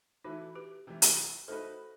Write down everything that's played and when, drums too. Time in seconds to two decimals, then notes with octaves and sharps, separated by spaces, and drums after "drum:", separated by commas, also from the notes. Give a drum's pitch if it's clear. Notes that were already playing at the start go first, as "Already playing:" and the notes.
0.24 E3 A3 D#4 E4 F#4 B4
0.55 G4 B4
0.87 C3 E3 G3
1.02 drum: hi-hat
1.48 A3 D#4 F#4 A4 B4 C5